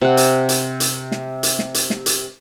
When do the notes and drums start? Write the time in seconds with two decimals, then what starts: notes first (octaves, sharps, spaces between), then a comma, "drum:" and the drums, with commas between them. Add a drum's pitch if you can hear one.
0.01 C3 F#5
0.17 drum: hi-hat
0.49 drum: hi-hat
0.80 drum: hi-hat
1.12 drum: snare
1.43 drum: hi-hat
1.59 drum: snare
1.74 drum: hi-hat
1.90 drum: snare
2.06 drum: hi-hat